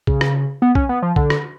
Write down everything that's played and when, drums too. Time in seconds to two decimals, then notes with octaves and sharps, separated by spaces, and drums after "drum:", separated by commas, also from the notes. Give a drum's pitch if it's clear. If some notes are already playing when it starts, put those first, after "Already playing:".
0.07 C#3, drum: kick B1
0.21 drum: rim click
0.62 B3
0.75 C#4, drum: kick B1
0.89 B3
1.03 F3
1.16 D3, drum: kick B1
1.30 drum: rim click